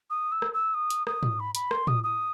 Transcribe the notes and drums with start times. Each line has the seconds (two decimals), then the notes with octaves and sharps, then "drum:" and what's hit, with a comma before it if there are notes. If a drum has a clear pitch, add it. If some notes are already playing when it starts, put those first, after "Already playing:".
0.10 D#6
0.31 E6
0.42 drum: rim click
0.53 E6
0.74 D#6
0.90 drum: hi-hat
1.07 D#6, drum: rim click
1.23 drum: tom G#2
1.39 B5
1.55 B5, drum: hi-hat
1.71 C6, drum: rim click
1.87 D#6, drum: tom A2
2.03 D#6